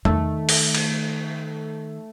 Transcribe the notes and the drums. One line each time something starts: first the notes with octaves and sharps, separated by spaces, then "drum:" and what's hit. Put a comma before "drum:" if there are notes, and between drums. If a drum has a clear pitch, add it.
D#3 A3, drum: tom E2
drum: open hi-hat
drum: cymbal